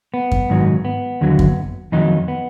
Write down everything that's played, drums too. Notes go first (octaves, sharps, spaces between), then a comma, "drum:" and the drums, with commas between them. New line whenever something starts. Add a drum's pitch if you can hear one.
B3
drum: kick F#2
G#2 D#3 F#3
B3
D#2 D3 F#3
drum: kick F#2
F2 D#3 F#3 D#4
B3